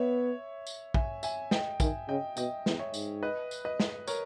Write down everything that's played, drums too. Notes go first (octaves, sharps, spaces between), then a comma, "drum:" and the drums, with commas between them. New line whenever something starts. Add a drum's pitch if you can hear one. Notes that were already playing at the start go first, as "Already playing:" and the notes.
Already playing: B3 C#5 E5
drum: tambourine
E5 G#5, drum: kick
E5 G#5, drum: tambourine
D#5 G5, drum: snare
D#3 E5 G#5, drum: kick, tambourine
C#3 D#5 G5
B2 D#5 G5, drum: tambourine
E2, drum: snare
C#5 E5
G#2, drum: tambourine
B4 D#5
drum: tambourine
B4 D#5
drum: snare
A#4 C#5, drum: tambourine